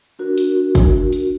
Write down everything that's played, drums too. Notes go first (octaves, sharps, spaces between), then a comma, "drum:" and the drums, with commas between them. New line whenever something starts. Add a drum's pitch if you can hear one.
D4 F#4 A#4
drum: hi-hat
drum: kick, hi-hat
drum: hi-hat